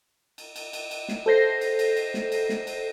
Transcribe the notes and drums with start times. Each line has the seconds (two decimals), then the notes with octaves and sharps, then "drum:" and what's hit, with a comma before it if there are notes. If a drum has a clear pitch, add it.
0.38 drum: cymbal
0.56 drum: cymbal
0.73 drum: cymbal
0.91 drum: cymbal
1.08 drum: snare
1.26 A4 C5 G6 A#6 C7
1.61 drum: cymbal
1.79 drum: cymbal
1.96 drum: cymbal
2.14 drum: snare
2.32 drum: cymbal
2.49 drum: snare
2.67 drum: cymbal